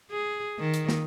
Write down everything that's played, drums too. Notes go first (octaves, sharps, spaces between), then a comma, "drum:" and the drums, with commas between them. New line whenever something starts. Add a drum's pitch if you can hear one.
G#4
D#3
drum: hi-hat
drum: snare